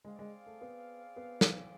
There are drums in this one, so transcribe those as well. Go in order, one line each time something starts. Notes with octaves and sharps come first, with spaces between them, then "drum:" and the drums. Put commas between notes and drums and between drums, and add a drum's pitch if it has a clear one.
G#3 C4 G#4 D5 F5
G#3
A3
B3
B3
drum: snare